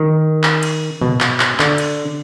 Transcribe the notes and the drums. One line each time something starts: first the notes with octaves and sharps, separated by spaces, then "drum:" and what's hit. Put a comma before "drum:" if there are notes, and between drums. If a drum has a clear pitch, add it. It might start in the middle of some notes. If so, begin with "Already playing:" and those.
Already playing: D#3
drum: clap
drum: cymbal
B2, drum: tom
drum: clap
drum: clap
D3, drum: clap
drum: cymbal